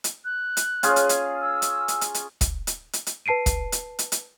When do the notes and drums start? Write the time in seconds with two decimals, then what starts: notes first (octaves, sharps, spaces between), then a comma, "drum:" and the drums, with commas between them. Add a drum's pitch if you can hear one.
0.04 drum: hi-hat
0.25 F#6
0.57 drum: hi-hat
0.83 C#4 F4 G#4, drum: hi-hat
0.96 drum: hi-hat
1.09 drum: hi-hat
1.42 E6
1.62 drum: hi-hat
1.88 drum: hi-hat
2.01 drum: hi-hat
2.14 drum: hi-hat
2.41 drum: kick, hi-hat
2.67 drum: hi-hat
2.93 drum: hi-hat
3.07 drum: hi-hat
3.26 B4 A5 C7 D7 D#7
3.46 drum: kick, hi-hat
3.72 drum: hi-hat
3.99 drum: hi-hat
4.12 drum: hi-hat